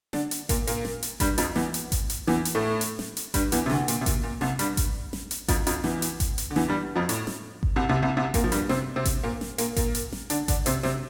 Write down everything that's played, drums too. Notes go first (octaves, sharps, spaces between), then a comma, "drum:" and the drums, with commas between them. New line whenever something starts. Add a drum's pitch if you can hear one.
D3 D4, drum: snare
drum: hi-hat
A#2 A#3, drum: kick G#1, hi-hat
A#2 A#3, drum: hi-hat
drum: snare
drum: hi-hat
G2 G3, drum: kick G#1, hi-hat
F2 F3, drum: hi-hat
E2 E3, drum: snare
drum: hi-hat
drum: kick G#1, hi-hat
drum: hi-hat
E2 E3, drum: snare
drum: hi-hat
A2 A3
drum: hi-hat
drum: snare
drum: hi-hat
G2 G3, drum: kick G#1, hi-hat
E2 E3, drum: hi-hat
C3
D2 D3, drum: snare
A#2, drum: hi-hat
C3
A#2, drum: kick G#1, hi-hat
A#2
C2 C3, drum: snare
G2 G3, drum: hi-hat
drum: kick G#1, hi-hat
drum: snare
drum: hi-hat
F2 F3, drum: kick G#1, hi-hat
F2 F3, drum: hi-hat
E2 E3, drum: snare
drum: hi-hat
drum: kick G#1, hi-hat
drum: hi-hat
D3
E2 E3, drum: snare
G2 G3
F2 F3
A2, drum: hi-hat
drum: snare
drum: kick G#1
C2 C3
C2 C3
C2 C3
C2 C3
A#2 A#3, drum: kick G#1, hi-hat
F3
G2 G3, drum: hi-hat
C3 C4, drum: snare
C3 C4
drum: kick G#1, hi-hat
A#2 A#3
drum: snare
A#2 A#3, drum: hi-hat
A#2 A#3, drum: kick G#1, hi-hat
drum: hi-hat
drum: snare
D3 D4, drum: hi-hat
D3 D4, drum: kick G#1, hi-hat
C3 C4, drum: hi-hat
C3 C4, drum: snare